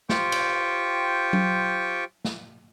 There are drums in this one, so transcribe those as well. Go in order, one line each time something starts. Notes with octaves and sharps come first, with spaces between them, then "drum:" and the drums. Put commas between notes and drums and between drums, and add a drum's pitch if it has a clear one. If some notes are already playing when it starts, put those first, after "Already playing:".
F4 G4 C5 G5 C#6, drum: snare
drum: cymbal
drum: tom F#3
drum: snare